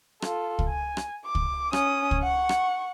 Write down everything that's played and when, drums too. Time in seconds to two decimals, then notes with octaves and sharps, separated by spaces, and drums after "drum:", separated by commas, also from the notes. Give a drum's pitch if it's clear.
0.22 F4 A4, drum: rim click
0.59 drum: kick
0.68 G#5
0.97 drum: rim click
1.25 D6
1.35 drum: kick
1.73 C#4 D#6, drum: rim click
2.11 drum: kick
2.23 F#5 C#6
2.49 drum: rim click